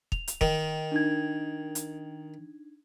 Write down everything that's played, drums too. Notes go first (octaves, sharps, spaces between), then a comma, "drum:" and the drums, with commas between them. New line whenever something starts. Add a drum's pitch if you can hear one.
F7, drum: kick
drum: hi-hat
D#3, drum: kick
D4 D#4 G#6
drum: hi-hat